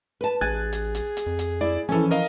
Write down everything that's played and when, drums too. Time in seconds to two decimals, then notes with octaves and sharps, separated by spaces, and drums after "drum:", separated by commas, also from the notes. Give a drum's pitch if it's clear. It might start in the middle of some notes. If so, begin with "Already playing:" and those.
0.21 B4 A5
0.41 A1 G#4 G#5 F#6 G#6 A6
0.73 drum: hi-hat
0.95 drum: hi-hat
1.17 drum: hi-hat
1.26 F2
1.39 drum: hi-hat
1.61 E4 D5
1.89 E3 F3 C#4 A4 G#5
2.11 A#4 D#5 F5